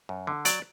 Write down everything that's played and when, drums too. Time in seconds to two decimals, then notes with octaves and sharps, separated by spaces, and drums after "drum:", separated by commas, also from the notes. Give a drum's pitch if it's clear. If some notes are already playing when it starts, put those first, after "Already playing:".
0.09 F#2
0.27 D3
0.45 F#3 D5, drum: hi-hat